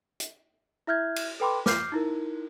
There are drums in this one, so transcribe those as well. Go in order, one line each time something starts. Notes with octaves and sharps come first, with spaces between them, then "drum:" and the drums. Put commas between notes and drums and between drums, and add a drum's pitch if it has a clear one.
drum: hi-hat
E4 E5 F6 G6 G#6
drum: cymbal
A4 B4 G5 B5 C6 D6
D6 F6 G6 C7, drum: snare
D#4 E4 A#4